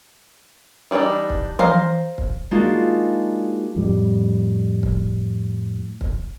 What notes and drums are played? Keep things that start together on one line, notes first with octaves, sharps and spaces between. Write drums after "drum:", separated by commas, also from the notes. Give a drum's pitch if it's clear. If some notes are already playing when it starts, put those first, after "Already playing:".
E3 G3 C4 D4 D#4
drum: kick
C5 F5 A#5, drum: tom E3
drum: kick
G#3 A#3 D4 D#4 F4 F#4
F2 A2 G3
drum: kick
drum: kick